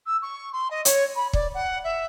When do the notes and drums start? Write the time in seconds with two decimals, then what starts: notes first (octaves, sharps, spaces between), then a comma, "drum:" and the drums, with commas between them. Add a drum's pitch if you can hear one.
0.06 E6
0.22 C#6
0.53 C6
0.71 D#5
0.85 C#5, drum: hi-hat
1.16 B5
1.33 D5, drum: kick
1.54 F#5
1.84 E5